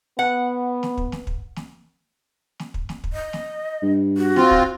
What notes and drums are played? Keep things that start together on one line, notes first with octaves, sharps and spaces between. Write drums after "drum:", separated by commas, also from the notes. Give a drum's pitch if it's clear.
B3 F#5
drum: snare
drum: kick
drum: snare
drum: kick
drum: snare
drum: snare
drum: kick
drum: snare
drum: kick
D#5
drum: snare
G2
F#4
C4 F4, drum: snare
drum: kick